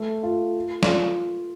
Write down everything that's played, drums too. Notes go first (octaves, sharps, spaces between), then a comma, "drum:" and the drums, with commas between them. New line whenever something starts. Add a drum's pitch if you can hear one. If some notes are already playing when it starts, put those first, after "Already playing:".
Already playing: A3
F4
F4, drum: snare